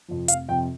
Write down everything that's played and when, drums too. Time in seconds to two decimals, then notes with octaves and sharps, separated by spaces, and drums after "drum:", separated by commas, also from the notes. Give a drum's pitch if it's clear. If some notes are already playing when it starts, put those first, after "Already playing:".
0.08 F2 C3 F3
0.28 F1 F5, drum: hi-hat
0.48 F2 C3 F3 G5